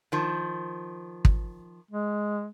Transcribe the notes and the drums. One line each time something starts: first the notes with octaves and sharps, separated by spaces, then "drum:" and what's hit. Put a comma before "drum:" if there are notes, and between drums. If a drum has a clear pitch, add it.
D#3 F3
drum: kick
G#3